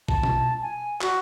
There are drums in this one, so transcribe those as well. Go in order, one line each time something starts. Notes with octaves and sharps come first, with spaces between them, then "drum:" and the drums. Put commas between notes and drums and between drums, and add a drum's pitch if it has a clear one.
A5, drum: kick A1
drum: tom B2
G#5
F#4, drum: clap